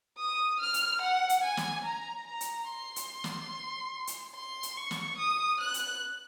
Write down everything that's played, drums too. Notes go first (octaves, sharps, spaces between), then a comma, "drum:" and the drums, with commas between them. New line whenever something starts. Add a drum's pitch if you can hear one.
D#6
F6
drum: hi-hat
F#5
drum: hi-hat
G#5
drum: snare
A#5
A#5
drum: hi-hat
C6
drum: hi-hat
drum: snare
drum: hi-hat
C6
drum: hi-hat
C#6
drum: snare
D#6
F#6
drum: hi-hat